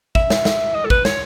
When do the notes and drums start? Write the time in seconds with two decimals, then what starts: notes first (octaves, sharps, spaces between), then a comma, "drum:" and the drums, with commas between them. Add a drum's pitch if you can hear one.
0.15 E5, drum: kick
0.30 drum: snare
0.45 drum: snare
0.75 D#5
0.85 A4
0.90 B4, drum: kick
1.05 C#5, drum: snare